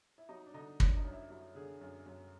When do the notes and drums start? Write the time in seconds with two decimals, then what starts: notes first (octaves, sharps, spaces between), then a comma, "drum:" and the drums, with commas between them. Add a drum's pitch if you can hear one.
0.18 E4
0.29 F#3 D#4
0.46 D4
0.54 D3 D#4
0.80 F#2 D4, drum: kick
0.96 D#4
1.05 F#2
1.13 E4
1.30 F#3 E4
1.55 D3 G#4
1.81 F#2
2.06 F#2